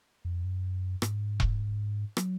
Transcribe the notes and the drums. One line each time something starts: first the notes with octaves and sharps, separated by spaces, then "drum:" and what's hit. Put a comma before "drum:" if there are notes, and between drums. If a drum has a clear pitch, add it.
F2
F#2
G#2, drum: rim click
drum: kick E1
F#3, drum: rim click